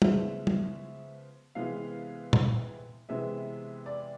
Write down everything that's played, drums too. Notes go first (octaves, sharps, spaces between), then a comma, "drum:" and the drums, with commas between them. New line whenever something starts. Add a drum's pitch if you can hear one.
C#3 F3 G#3 B3 E5, drum: tom
drum: tom
C3 E3 G#3 B3 F5
drum: tom
C3 E3 G#3 B3 E5
D5